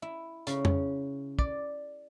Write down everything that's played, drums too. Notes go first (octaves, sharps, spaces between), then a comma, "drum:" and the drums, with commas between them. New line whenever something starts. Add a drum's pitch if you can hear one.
E4
C#3, drum: hi-hat
drum: tom
D5, drum: kick